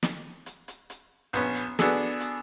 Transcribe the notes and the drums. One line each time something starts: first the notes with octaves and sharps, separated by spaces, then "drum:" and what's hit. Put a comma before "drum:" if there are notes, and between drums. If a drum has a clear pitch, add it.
drum: snare
drum: hi-hat
drum: hi-hat
drum: hi-hat
A#1 B3 C#4, drum: hi-hat
drum: hi-hat
B3 D4 F#4 G#4 A4, drum: snare
drum: hi-hat